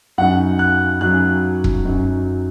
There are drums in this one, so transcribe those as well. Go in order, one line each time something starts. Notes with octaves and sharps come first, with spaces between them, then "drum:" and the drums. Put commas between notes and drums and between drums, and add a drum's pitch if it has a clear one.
F#2 F#3 D#4 F#5
F#6
F#2 F#3 D#4 F#6
drum: kick E1
F#2 F#3 D#4